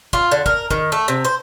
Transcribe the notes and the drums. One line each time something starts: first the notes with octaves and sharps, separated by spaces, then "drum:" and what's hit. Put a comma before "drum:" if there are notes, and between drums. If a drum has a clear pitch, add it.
F4, drum: kick
D3
A#4, drum: kick
D#3, drum: kick
A3
C3
C5